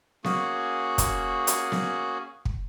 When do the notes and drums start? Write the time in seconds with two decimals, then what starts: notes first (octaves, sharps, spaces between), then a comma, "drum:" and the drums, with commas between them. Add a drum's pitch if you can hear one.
0.24 A#3 C#4 F#4 G#4, drum: snare B3
0.98 drum: kick, hi-hat
1.47 drum: hi-hat
1.72 drum: snare B3
2.45 drum: kick